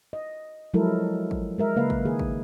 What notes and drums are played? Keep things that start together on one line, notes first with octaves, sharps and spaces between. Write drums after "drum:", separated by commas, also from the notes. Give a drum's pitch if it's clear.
D#5
F3 F#3 G#3 E4 A4 A#4
drum: kick
G#3 A#4 E5
C#3 A#3 B4 F5
drum: kick
D#3 A#3 G#4
drum: kick